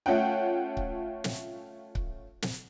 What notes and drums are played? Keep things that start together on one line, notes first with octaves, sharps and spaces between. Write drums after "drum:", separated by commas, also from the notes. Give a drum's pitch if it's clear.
A3 C#4 F4 F#5 G5
drum: kick C#1
drum: snare
drum: kick C#1
drum: snare